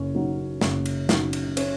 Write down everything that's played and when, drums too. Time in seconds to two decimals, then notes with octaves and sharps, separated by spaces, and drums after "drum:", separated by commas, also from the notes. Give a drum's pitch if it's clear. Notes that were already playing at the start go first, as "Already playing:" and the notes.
Already playing: F#1 C#4
0.15 F#2 F#3 D#4
0.61 F#1, drum: snare
0.86 drum: cymbal
1.09 F#2 F#3 D#4, drum: snare
1.33 drum: cymbal
1.57 C#4, drum: cymbal